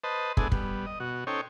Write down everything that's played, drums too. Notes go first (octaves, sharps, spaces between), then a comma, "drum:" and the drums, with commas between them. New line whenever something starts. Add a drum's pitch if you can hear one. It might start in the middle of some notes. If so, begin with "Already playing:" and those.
B4 C5 D#5 A5
G#3 B3 D4 E4 G#4 A4, drum: kick
G3 B3, drum: kick
D#5
B2 F#4
C#4 D#4 A4 C5 C#5 G5